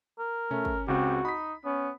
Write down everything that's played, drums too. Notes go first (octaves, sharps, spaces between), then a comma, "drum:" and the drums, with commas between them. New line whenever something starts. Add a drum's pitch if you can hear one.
A#4
A3 C#4, drum: tom A#2
drum: kick
C#2 C#3 C4 F#4 G4
D#4 B5 B6
B3 C#4